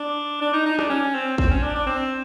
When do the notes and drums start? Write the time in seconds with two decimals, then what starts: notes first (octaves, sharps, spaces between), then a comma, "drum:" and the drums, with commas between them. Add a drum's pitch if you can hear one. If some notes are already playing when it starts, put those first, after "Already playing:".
Already playing: D4
0.42 D4
0.53 D#4
0.66 D#4
0.79 D4, drum: rim click
0.90 C#4
1.15 C4
1.38 C4, drum: kick
1.50 C#4
1.63 D4
1.75 D4
1.87 C4